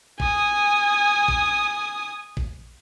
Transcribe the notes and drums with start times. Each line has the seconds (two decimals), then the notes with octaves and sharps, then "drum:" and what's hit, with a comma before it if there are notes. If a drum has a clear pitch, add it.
0.20 G#5 D#6, drum: kick A1
1.28 drum: kick A1
2.37 drum: kick A1